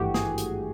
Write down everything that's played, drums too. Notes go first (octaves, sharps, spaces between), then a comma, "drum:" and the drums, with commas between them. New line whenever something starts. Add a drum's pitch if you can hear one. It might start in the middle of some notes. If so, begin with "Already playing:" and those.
Already playing: G#1 G2 E3 A3 F#4 G4
G#4, drum: snare
drum: hi-hat